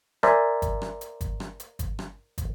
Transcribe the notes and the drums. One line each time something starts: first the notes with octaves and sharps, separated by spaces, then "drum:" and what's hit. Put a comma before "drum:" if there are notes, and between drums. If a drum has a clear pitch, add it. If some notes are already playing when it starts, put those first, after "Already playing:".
A#4 C5 D5 E5 G#5 A#5, drum: rim click
drum: kick, hi-hat
drum: rim click
drum: hi-hat
drum: kick, hi-hat
drum: rim click
drum: hi-hat
drum: kick, hi-hat
drum: rim click
drum: kick, hi-hat